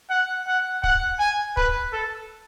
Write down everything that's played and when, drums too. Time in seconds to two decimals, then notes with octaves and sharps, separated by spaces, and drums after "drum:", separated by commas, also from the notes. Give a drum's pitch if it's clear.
0.10 F#5
0.47 F#5
0.83 F#5, drum: kick
1.19 G#5
1.57 B4, drum: kick
1.93 A4